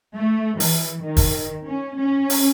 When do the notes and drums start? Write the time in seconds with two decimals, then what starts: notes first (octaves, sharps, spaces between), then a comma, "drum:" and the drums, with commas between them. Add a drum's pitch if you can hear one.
0.16 A3
0.60 E3, drum: open hi-hat
1.04 D#3
1.17 drum: kick, open hi-hat
1.66 C#4
1.99 C#4
2.30 drum: open hi-hat